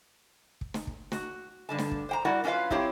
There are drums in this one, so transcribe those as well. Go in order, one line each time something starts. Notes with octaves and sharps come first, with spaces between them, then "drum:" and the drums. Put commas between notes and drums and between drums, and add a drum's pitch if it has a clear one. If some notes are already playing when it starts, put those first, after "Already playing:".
drum: kick
drum: snare
drum: kick
F#4, drum: snare
G2 D3 A5
drum: snare
drum: kick
C5 G5 A#5
G3 E4 F#4 A#4 D5 F#5
F#3 C#4 D4 F4 B4 F5
F#3 C4 E4 F4 G4 C#5, drum: kick